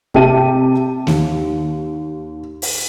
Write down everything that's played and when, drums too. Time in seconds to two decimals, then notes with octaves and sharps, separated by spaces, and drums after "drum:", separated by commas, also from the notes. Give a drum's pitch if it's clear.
0.14 C3 G4 E5 A5 D#7, drum: kick
1.07 D#2, drum: snare
2.62 drum: open hi-hat